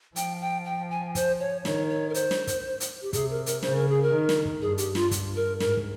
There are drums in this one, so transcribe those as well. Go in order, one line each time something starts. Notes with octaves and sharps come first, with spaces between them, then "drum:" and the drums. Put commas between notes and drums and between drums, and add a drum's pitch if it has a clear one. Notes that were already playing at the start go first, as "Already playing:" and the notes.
F3 G5, drum: hi-hat
G5
G5
G#5
C5, drum: kick, hi-hat
C#5
D#3 C#5, drum: snare
C#5
A#4
C5, drum: hi-hat
drum: snare
drum: kick, hi-hat
drum: hi-hat
G4
C3 G#4, drum: kick, hi-hat
A#4
A#4, drum: hi-hat
C#3 C5, drum: snare
A#4
G#4
A#4
D#3
drum: snare
drum: kick
G2 G#4
G4, drum: hi-hat
F4, drum: snare
drum: kick, hi-hat
A#4
G#2 A#4, drum: snare
drum: kick